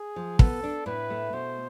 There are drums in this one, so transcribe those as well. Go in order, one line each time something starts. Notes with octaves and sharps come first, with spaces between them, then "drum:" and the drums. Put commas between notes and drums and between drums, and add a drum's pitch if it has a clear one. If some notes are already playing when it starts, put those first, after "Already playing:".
Already playing: G#4
F3
B3 A4, drum: kick
D4
A2 B4
A3
B2 C5